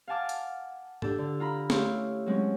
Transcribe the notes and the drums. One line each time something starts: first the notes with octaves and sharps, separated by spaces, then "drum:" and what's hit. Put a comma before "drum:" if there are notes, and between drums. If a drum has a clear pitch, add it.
F5 F#5 G#5 A5 D6 F6
drum: hi-hat
D4 G4 A4, drum: tom G#2
D3
F4 A#5 B5
A3 C#4 E4 G4 F5 C6, drum: snare
F#3 G#3 C4 C#4